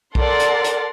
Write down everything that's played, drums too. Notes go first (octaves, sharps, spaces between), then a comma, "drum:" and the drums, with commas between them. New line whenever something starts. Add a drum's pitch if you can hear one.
A4 A#4 D5 F#5 C6 A6, drum: kick B1
drum: hi-hat
drum: hi-hat